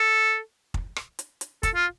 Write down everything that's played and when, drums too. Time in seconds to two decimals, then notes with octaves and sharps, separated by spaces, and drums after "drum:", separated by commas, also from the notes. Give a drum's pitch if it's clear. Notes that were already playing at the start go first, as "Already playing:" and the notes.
Already playing: A4
0.74 drum: kick
0.96 drum: rim click
1.19 drum: hi-hat
1.41 drum: hi-hat
1.63 A4, drum: kick, hi-hat
1.75 F4